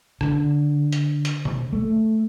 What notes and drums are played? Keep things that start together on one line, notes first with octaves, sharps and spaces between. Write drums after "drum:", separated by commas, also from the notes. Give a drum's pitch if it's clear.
D3, drum: rim click
drum: hi-hat
drum: hi-hat
drum: tom B2
A3